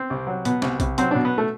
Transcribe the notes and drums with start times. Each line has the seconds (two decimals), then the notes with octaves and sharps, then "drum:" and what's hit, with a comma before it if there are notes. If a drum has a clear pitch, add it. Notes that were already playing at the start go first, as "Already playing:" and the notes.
Already playing: C4
0.10 C2
0.27 F#3
0.45 B2 B3, drum: hi-hat
0.62 C2, drum: snare
0.80 C2, drum: kick A#1, hi-hat
0.98 F#3 C4, drum: hi-hat
1.11 B2 D4
1.25 B3
1.38 A3